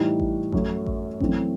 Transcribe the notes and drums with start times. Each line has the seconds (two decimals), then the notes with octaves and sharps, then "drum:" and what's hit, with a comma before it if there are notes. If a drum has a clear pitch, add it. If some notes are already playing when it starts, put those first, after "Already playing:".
Already playing: A2 E3 G3 D#4
0.20 drum: kick A1
0.52 F#2 F#3 A3, drum: kick A1
0.86 drum: kick A1
1.20 F#2 E3 A3 C4, drum: kick A1